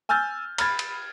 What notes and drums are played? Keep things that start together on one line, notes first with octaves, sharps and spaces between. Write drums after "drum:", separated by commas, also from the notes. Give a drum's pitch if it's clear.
G#5 E6 F6 G6 A6
B5 F6 G#6 A6, drum: cymbal
drum: cymbal